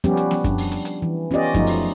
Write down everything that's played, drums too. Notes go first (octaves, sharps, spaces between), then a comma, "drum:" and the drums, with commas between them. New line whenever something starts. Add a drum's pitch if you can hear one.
F3 G3 B3 C#4 G4, drum: hi-hat
drum: hi-hat
drum: snare B3
D4, drum: kick F#2, hi-hat
drum: open hi-hat
drum: hi-hat
drum: hi-hat
E3
B3 C#4 F4 G4 D5 D#5
F3 F#3 A3 D#4 F4, drum: kick F#2, hi-hat
drum: open hi-hat